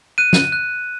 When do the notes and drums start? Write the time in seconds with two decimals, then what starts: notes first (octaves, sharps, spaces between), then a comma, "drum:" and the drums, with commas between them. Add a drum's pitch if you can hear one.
0.18 F#6 D#7
0.33 drum: snare
0.52 F#6